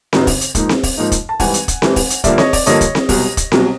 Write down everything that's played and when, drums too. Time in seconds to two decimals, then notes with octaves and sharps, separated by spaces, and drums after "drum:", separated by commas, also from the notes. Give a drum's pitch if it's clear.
0.13 F#2 C#3 F#3 B3 D#4, drum: snare C4
0.27 drum: kick, open hi-hat
0.41 drum: hi-hat
0.55 G#2 F3 A#3 D#4, drum: kick, hi-hat
0.69 drum: snare C4
0.83 drum: kick, open hi-hat
0.98 G#2 F3 A#3 D#4
1.12 drum: kick, hi-hat
1.29 A5
1.40 G#1 G2 E3 G3 C4 F#5 G#5, drum: kick, open hi-hat
1.54 drum: hi-hat
1.68 drum: kick, hi-hat
1.82 G#1 G2 E3 G3 C4, drum: snare C4
1.96 drum: kick, open hi-hat
2.10 drum: hi-hat
2.24 G2 D3 F3 A#3 D5 E5, drum: kick, hi-hat
2.38 C#5 D#5, drum: snare C4
2.53 D5, drum: kick, open hi-hat
2.66 G2 D3 F3 A#3 C#5 D#5, drum: hi-hat
2.81 drum: kick, hi-hat
2.95 drum: snare C4
3.09 C2 B2 F#3, drum: kick, open hi-hat
3.37 drum: kick, hi-hat
3.52 C2 B2 F#3, drum: snare C4